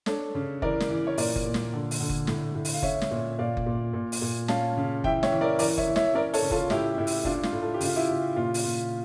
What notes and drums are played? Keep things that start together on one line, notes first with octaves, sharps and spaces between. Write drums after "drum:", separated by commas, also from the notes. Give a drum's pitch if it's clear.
D4 A4 C#5, drum: snare
C#3
E3 A#4 D5, drum: kick F#1
drum: snare
E3
C#5
A#2 A#4 D5, drum: open hi-hat
drum: kick F#1
A#2
drum: snare
D3
drum: open hi-hat
D3
drum: kick F#1
A2, drum: snare
A2
drum: open hi-hat
F5
C#4 C#5 E5, drum: kick F#1
drum: snare
A#2
A#2 D5 F5
drum: kick F#1
A#2
A#2
drum: open hi-hat
A#2
C#4 F5 A5, drum: snare
C#3
E3 E5 G5, drum: kick F#1
C#5 E5, drum: snare
E3
A#4 D5
E3 A#4 D5, drum: open hi-hat
C#5 E5, drum: kick F#1
E3
C#5 E5, drum: snare
C#4 A#4 D5
A4 C#5, drum: open hi-hat
C#3
F4 A4, drum: kick F#1
A2 E4 G4, drum: snare
A2 E4
drum: open hi-hat
D4 F4, drum: kick F#1
F4, drum: snare
A2
A4
G4
C#3 F4, drum: open hi-hat
E4 G4
C#3
A#2 F4
drum: open hi-hat
A#2